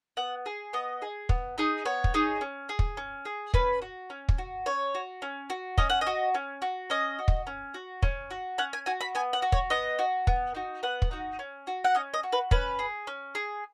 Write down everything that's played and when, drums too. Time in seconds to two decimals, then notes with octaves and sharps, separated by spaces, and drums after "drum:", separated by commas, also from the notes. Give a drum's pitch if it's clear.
0.17 B3 F#5
0.46 G#4
0.73 B3 D#5
1.02 G#4
1.29 B3, drum: kick
1.58 D#4 G#4
1.85 B3 C#5
2.04 drum: kick
2.14 D#4 G#4
2.41 C#4
2.69 G#4
2.79 drum: kick
2.97 C#4
3.25 G#4
3.54 C#4 B4, drum: kick
3.82 F#4
4.10 C#4
4.29 drum: kick
4.38 F#4
4.66 C#4 C#5
4.95 F#4
5.22 C#4
5.50 F#4
5.78 C#4 D#5, drum: kick
5.90 F#5
6.01 D#5
6.07 F#4
6.34 C#4
6.62 F#4
6.90 C#4 D#5
7.19 F#4
7.28 drum: kick
7.47 C#4
7.74 F#4
8.03 C#4, drum: kick
8.31 F#4
8.58 C#4 F#5
8.73 G#5
8.86 F#4 G#5
9.01 B5
9.15 B3 G#5
9.33 F#5
9.42 F#4
9.52 C#5, drum: kick
9.70 B3 D#5
9.99 F#4
10.27 B3, drum: kick
10.55 D#4 F#4
10.83 B3 F#5
11.02 drum: kick
11.11 D#4 F#4
11.39 C#4
11.67 F#4
11.84 F#5
11.95 C#4 D#5
12.14 D#5
12.23 F#4
12.32 B4
12.51 C#4 B4, drum: kick
12.79 G#4
13.07 C#4
13.35 G#4